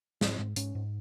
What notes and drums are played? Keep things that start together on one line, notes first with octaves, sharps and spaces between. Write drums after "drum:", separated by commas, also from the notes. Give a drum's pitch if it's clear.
G#2 C4, drum: snare
G#2
G#2 C#4, drum: hi-hat
G#2